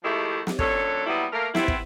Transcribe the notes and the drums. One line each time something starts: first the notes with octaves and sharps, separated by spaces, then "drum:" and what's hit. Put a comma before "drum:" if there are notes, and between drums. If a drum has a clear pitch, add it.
D#3 F3 G#3 A3 E4 G4
drum: snare
F#2 A#2 D3 A4 C#5, drum: kick
A#2 F#3 G3 B3 E4
A3 A#3 A#4
B3 C4 E4, drum: snare
drum: kick